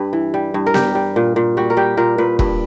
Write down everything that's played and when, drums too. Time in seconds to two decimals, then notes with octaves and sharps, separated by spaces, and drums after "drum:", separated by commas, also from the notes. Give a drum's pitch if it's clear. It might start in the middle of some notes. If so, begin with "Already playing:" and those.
Already playing: G2 G3 B4
0.13 E3
0.34 G3
0.54 G2
0.66 A#4
0.74 G3 G4, drum: snare B3
0.95 G3
1.16 A#2
1.36 A#2
1.57 G3 F#4
1.70 A#4
1.77 G3 G4
1.97 A#2 A#4
2.18 A#2 B4
2.39 G2 B4, drum: kick E1